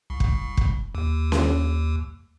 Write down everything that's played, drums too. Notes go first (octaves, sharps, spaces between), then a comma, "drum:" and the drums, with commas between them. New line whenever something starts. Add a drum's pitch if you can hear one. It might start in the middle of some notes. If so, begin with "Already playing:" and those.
C2
drum: kick
drum: kick
D#2
drum: snare C#4